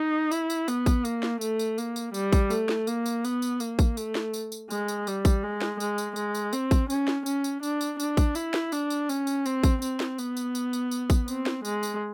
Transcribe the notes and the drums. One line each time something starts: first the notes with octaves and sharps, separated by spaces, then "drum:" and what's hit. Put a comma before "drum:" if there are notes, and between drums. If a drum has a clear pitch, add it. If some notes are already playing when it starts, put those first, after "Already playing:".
Already playing: D#4
E4, drum: tambourine
drum: tambourine
B3, drum: tambourine
drum: kick, tambourine
A#3, drum: tambourine
drum: snare
A3, drum: tambourine
drum: tambourine
A#3, drum: tambourine
drum: tambourine
G3, drum: tambourine
drum: kick, tambourine
A3, drum: tambourine
drum: snare
A#3, drum: tambourine
drum: tambourine
B3, drum: tambourine
drum: tambourine
A#3, drum: tambourine
drum: kick, tambourine
A3, drum: tambourine
drum: snare
drum: tambourine
drum: tambourine
G#3, drum: tambourine
drum: tambourine
G3, drum: tambourine
drum: kick, tambourine
G#3
drum: snare
G#3, drum: tambourine
drum: tambourine
G#3, drum: tambourine
drum: tambourine
C4, drum: tambourine
drum: kick, tambourine
C#4, drum: tambourine
drum: snare
C#4, drum: tambourine
drum: tambourine
D4, drum: tambourine
drum: tambourine
D4, drum: tambourine
drum: kick, tambourine
E4, drum: tambourine
drum: snare
D4, drum: tambourine
drum: tambourine
C#4, drum: tambourine
drum: tambourine
C4, drum: tambourine
drum: kick, tambourine
C4, drum: tambourine
drum: snare
B3, drum: tambourine
drum: tambourine
drum: tambourine
drum: tambourine
drum: tambourine
drum: kick, tambourine
C4, drum: tambourine
drum: snare
G#3, drum: tambourine
drum: tambourine